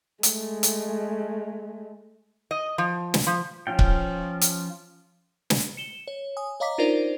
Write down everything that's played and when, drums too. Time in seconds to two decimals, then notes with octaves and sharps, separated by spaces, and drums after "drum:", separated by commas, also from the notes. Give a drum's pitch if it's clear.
0.23 G#3 A3, drum: hi-hat
0.63 drum: hi-hat
2.51 D#5
2.78 F3
3.14 drum: snare
3.27 F3
3.67 F3 C#4 F4 G5
3.79 drum: kick C#1
4.41 drum: hi-hat
5.50 drum: snare
5.77 C#7 E7 G7
6.08 C#5
6.37 G#5 D#6
6.60 C#5 D#5 F5 A#5 D6 B6
6.78 D4 D#4 F4 A#4 C5 D5